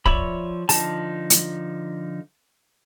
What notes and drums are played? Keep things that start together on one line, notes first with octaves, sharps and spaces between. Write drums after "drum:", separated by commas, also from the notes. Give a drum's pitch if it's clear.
F3 C#5 D5 E5 B5 C#6, drum: kick
D3 F3 D#4 A5, drum: open hi-hat
drum: hi-hat